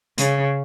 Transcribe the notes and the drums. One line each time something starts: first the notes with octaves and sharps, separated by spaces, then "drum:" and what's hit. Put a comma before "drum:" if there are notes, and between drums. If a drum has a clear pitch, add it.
C#3, drum: hi-hat